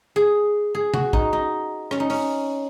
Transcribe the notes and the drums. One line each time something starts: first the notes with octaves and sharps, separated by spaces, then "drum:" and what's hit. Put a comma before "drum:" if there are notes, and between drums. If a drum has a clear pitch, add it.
G#4
G#4
F#4, drum: tom
D#4, drum: kick
D#4
C#4, drum: rim click
D#4
C#4, drum: open hi-hat